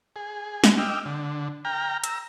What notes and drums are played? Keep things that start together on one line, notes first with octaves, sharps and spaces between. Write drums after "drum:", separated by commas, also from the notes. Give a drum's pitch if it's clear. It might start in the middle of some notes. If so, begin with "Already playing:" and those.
G#4
drum: snare
D#5 G5 D6 E6 F6
D3
G5 A#5 F6
A#5 E6, drum: hi-hat